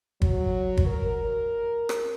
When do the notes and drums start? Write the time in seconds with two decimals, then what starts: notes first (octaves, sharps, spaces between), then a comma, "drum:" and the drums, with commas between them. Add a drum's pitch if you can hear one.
0.22 F#3, drum: kick
0.77 drum: kick
0.87 A#4
1.89 drum: rim click